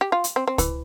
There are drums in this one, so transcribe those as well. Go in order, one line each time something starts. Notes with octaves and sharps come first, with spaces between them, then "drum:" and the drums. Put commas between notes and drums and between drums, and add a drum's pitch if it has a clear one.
G4
F4
drum: hi-hat
C4
C4
E3, drum: kick C#2, hi-hat